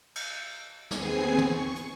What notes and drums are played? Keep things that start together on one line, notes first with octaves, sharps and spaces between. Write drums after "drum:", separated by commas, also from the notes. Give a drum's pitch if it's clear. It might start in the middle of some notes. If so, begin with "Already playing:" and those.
drum: cymbal
D#2 B3 C4 G#4 G#5 C7, drum: snare
C#6, drum: tom
drum: hi-hat